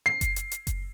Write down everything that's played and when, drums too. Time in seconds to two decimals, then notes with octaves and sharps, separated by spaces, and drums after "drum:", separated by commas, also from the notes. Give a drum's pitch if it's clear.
0.06 C7
0.21 drum: kick F#1, hi-hat
0.36 drum: hi-hat
0.52 drum: hi-hat
0.67 drum: kick F#1, hi-hat